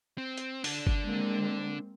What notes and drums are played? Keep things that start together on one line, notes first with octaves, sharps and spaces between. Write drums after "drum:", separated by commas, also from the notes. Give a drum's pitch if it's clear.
C4
drum: hi-hat
D4 A4, drum: open hi-hat
drum: kick G1
G#3 A#3 C4